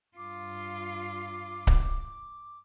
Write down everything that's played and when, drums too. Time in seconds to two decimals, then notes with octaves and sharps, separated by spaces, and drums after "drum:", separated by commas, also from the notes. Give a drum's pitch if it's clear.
0.17 G2 F4 D6
1.67 drum: kick C#1